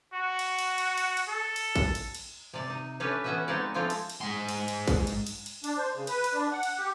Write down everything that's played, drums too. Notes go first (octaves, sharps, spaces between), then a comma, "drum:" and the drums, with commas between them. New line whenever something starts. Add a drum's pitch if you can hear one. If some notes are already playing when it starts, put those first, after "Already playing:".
F#4
drum: cymbal
drum: cymbal
drum: cymbal
drum: cymbal
drum: cymbal
A4
drum: cymbal
drum: kick, cymbal
drum: cymbal
drum: cymbal
C3 D5
D#4
A3 C#4 D4 G4 B4
E3 B3 C#4 F#4 D#5 E5
G#3 B3 C4 D#4 C#5 D5
F3 G#3 A3 C4 D4 F4
drum: cymbal
drum: cymbal
G#2 C6
drum: cymbal
drum: cymbal
drum: kick, cymbal
drum: cymbal
drum: cymbal
drum: cymbal
D4, drum: cymbal
C5
C#3
B4, drum: cymbal
drum: cymbal
D4
F#5
drum: cymbal
G4